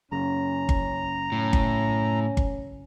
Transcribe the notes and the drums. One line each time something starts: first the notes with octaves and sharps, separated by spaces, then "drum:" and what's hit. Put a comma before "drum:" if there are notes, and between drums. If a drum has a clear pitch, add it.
F#2 C#3 C#4 A#5
drum: kick G1
A2 C#4
drum: kick G1
drum: kick G1